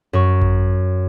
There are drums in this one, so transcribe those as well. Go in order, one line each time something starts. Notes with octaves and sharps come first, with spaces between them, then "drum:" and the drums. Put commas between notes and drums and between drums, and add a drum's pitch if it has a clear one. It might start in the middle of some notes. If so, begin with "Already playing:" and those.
F#2 C#6
drum: kick G#1